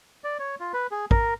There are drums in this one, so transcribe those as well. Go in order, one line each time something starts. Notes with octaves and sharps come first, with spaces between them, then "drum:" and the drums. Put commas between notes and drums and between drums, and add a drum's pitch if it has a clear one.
D5
C#5
F4
B4
G#4
A#4, drum: kick